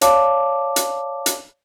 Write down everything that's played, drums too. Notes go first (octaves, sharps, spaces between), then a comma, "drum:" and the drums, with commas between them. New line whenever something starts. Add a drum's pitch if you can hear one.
C#5 D5 F5 A5 D6, drum: hi-hat
drum: hi-hat
drum: hi-hat